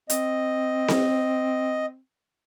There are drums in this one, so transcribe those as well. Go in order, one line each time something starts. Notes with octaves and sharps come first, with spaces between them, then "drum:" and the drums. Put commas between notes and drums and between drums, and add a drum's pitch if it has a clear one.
C4 D#5, drum: hi-hat
drum: snare C4